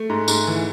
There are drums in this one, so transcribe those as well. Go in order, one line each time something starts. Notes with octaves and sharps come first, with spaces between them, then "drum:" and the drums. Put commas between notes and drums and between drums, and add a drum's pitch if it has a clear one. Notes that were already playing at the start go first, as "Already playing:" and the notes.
Already playing: A3
G#2
G#2, drum: tambourine
E3